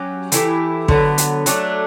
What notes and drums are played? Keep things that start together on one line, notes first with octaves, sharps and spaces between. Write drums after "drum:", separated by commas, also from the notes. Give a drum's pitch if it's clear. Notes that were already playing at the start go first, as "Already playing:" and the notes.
Already playing: F#3 C#4 G4
E3 A3 E4 G4, drum: hi-hat
D3 F#3 B3, drum: kick
drum: hi-hat
F#3 A3 D4, drum: hi-hat